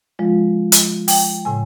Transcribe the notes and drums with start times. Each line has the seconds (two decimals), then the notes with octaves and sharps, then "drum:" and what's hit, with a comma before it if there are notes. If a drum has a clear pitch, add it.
0.19 F3 G#3 F4
0.72 drum: hi-hat
1.08 G5, drum: open hi-hat
1.45 A2 C#3 G#5